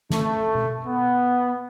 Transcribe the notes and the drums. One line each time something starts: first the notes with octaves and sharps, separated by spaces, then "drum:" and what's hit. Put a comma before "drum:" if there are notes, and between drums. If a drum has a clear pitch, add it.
A3, drum: snare
drum: tom B2
B3